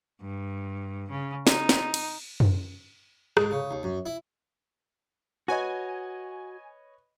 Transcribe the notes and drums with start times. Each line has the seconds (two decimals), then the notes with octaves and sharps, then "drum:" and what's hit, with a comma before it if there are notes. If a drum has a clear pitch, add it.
0.22 G2
1.10 C#3
1.47 D#4, drum: snare
1.69 drum: snare
1.94 drum: cymbal
2.40 drum: tom F#2
3.37 G#2, drum: rim click
3.51 C#3
3.71 D#2
3.83 F#2
4.06 E4
5.48 F#4 B4 C#5 D#5 G#5